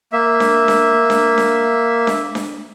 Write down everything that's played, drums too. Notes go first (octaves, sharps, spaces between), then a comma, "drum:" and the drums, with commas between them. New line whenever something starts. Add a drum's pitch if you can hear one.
A#3 E5
drum: snare D4
drum: snare D4
drum: snare D4
drum: snare D4
drum: snare D4
drum: snare D4